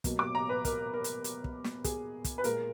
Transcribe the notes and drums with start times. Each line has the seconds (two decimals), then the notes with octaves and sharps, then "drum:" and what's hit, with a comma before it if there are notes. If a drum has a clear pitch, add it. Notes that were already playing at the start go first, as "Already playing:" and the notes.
0.04 B2 F#3 A#3, drum: kick, hi-hat
0.19 D6
0.35 A#5
0.49 B4
0.65 A#4, drum: kick, hi-hat
0.94 A#4
1.04 drum: hi-hat
1.24 drum: hi-hat
1.44 drum: kick
1.64 drum: snare
1.84 G#4, drum: kick, hi-hat
2.24 drum: kick, hi-hat
2.38 B4
2.44 A#2 G#3 A#4, drum: hi-hat